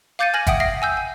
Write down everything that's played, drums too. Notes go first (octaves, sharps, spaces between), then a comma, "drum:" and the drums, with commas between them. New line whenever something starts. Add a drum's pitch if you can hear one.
F5 D6 G6 A6 C#7 D#7
G#5 F6 G#6 A#6 F#7
E5 F#5 G5 D#6, drum: kick, hi-hat
E5 A#6 C7
G#5 E6 G6
G#5